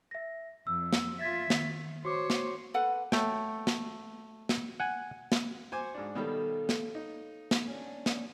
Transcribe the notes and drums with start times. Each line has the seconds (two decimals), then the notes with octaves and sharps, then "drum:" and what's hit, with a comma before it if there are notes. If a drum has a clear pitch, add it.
0.11 E5 A#6
0.67 F2 E6
0.93 drum: snare
1.19 F4 E5 G#6 A6 B6
1.50 D#3, drum: snare
2.05 F#4 C5 C#5 D6
2.30 drum: snare
2.74 A4 B4 F#5
3.12 A3 C#5 G5, drum: snare
3.67 drum: snare
4.49 drum: snare
4.80 F#5 G#5
5.32 drum: snare
5.72 F#4 C5 G#5 D6
5.94 G#2 D4
6.15 B2 D#3 G3 A4 C#5 F5
6.69 drum: snare
6.95 D#4
7.51 drum: snare
7.68 C#4 D4
8.06 drum: snare